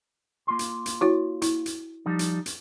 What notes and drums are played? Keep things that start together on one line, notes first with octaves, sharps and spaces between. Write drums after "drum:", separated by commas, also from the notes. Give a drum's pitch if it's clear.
A#3 F4 C6
drum: hi-hat
drum: hi-hat
E4 F#4 C#5
E4, drum: hi-hat
drum: hi-hat
F3 G3 D#4
drum: hi-hat
drum: hi-hat